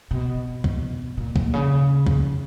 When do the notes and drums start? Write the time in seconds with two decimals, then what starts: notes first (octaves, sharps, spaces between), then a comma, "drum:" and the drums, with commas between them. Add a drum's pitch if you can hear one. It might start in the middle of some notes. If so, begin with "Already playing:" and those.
0.11 B2
0.64 drum: kick
1.17 A#2
1.36 A#2, drum: kick
1.53 C#3
2.07 drum: kick